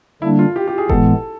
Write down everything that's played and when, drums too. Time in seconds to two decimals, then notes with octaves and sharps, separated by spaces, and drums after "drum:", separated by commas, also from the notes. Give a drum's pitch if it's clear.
0.22 D3 G3 A#3 D4 E4
0.39 F4
0.56 G4
0.68 G4
0.78 G#4
0.89 A2 E3 G#3 B3 A4, drum: kick F#1